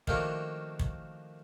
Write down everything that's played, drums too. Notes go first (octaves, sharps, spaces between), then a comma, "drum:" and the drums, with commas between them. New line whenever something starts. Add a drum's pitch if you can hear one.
D#3 F3 A3 A#3 D4 F#4, drum: kick
drum: kick